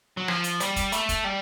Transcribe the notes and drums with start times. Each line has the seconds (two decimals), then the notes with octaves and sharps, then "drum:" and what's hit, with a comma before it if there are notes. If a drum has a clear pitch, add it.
0.17 F#3
0.28 F3, drum: rim click
0.44 drum: hi-hat
0.60 G3, drum: hi-hat
0.76 drum: kick F1, hi-hat
0.92 A3, drum: hi-hat
1.09 drum: kick F1, hi-hat
1.25 G3